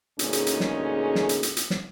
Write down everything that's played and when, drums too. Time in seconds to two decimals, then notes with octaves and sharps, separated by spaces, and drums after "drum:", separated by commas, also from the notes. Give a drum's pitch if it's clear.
0.19 D2 A#2 G#3 C#4 D#4 G#4, drum: hi-hat
0.33 drum: hi-hat
0.47 drum: hi-hat
0.60 drum: snare
1.15 drum: snare
1.29 drum: hi-hat
1.43 drum: hi-hat
1.57 drum: hi-hat
1.70 drum: snare